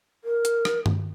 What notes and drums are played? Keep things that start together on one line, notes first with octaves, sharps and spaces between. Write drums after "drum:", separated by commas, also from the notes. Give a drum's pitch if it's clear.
A#4
drum: hi-hat
drum: rim click
drum: tom G2